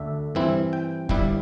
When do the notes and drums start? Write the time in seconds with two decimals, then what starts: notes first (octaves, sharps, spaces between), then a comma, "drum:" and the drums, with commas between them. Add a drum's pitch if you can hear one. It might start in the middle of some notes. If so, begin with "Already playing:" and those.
Already playing: D2 D3 A3 D4 E5
0.35 G2 E3 C4 E4
0.73 G5
1.09 G1 G2 G3 E4, drum: kick